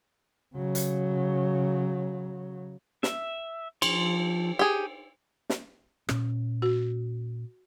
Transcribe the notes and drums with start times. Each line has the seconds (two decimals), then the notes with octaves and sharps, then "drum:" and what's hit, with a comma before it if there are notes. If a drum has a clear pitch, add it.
0.55 C#3 F#3
0.75 drum: hi-hat
3.03 E5, drum: snare
3.82 F3 C6, drum: cymbal
4.59 G4 G#4
5.50 drum: snare
6.09 A#2 C#4, drum: rim click
6.62 F#4